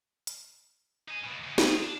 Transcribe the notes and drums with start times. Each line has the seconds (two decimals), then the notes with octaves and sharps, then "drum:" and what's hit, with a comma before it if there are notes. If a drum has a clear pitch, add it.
0.27 drum: hi-hat
1.08 D#4 G#5
1.24 D#2 B2
1.44 E2 C#3
1.58 F4 G#4, drum: snare
1.83 D4